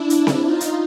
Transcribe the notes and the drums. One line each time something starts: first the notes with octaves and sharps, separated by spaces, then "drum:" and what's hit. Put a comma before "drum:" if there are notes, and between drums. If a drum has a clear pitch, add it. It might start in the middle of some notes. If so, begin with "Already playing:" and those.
Already playing: D4 E4
drum: hi-hat
drum: snare C4
D#4 F4
drum: hi-hat